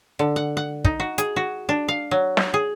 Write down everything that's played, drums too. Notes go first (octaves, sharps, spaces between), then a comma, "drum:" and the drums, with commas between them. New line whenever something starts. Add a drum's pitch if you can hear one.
D3
F#5
F#5
D#4, drum: kick
F#4
G#4, drum: hi-hat
F#4
D4
F5
F#3
drum: snare
G#4